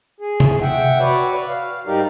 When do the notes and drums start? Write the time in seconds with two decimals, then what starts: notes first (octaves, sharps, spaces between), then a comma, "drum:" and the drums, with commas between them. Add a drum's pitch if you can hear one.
0.20 G#4
0.40 drum: tom C3
0.62 E5 F#5 G5
0.99 F#4 B4 C#5 D5
1.48 F5
1.86 G#2 G3 D#4 G4 A#4 D5